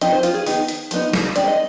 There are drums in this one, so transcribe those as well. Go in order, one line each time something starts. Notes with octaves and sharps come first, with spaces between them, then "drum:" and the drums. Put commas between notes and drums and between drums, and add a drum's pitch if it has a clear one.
F3 C4 D#4 D#5, drum: hi-hat
C5
F4, drum: hi-hat
G#4
D#3 B3 D#4, drum: open hi-hat
drum: hi-hat
F3 B3 D#4, drum: hi-hat
drum: snare
G#3 C4 D#4 D5, drum: hi-hat
D#5